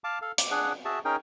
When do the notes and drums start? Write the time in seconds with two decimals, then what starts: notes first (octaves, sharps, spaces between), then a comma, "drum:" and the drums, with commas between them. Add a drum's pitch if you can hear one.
0.04 F5 A5 D6
0.22 A4 F5
0.38 D6, drum: hi-hat
0.51 D4 G#4 F#5
0.85 F#4 G#4 E5 A5
1.05 C#4 D#4 G#4 A#4 G5